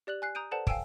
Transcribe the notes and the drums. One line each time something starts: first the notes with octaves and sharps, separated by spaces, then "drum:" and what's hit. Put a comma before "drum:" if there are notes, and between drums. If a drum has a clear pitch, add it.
G4 D5 F#6 F#7
G#5 F#6 C7
A#5 D#6 G6 D7 D#7
A4 B4 C5 D5 F#5 A5
F5 G5 G#5 E6 D7 E7, drum: kick